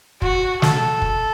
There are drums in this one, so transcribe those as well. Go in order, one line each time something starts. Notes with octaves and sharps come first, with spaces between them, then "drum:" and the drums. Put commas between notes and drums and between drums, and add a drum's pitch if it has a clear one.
F#4, drum: kick
A4, drum: snare
drum: kick